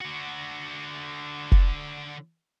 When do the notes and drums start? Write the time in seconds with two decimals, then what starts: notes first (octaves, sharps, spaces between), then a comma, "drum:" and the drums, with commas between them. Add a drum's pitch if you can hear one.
0.01 D3 F#4
1.52 drum: kick F1